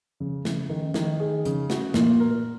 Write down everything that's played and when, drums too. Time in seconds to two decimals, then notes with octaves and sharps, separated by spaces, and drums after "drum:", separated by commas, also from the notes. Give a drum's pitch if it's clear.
0.20 C#3
0.45 C#3, drum: snare
0.69 D#3
0.94 D#3, drum: snare
1.20 G#4
1.45 C#3, drum: hi-hat
1.70 F#4, drum: snare
1.94 A#2, drum: snare
2.20 A#4